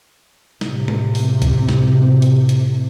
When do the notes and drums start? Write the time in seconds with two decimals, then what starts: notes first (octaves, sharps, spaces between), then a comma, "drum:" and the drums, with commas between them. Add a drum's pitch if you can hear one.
0.61 A2 C3, drum: snare
0.88 drum: tom C3
1.15 drum: open hi-hat
1.42 drum: kick, hi-hat
1.69 drum: snare
2.22 drum: hi-hat
2.49 drum: hi-hat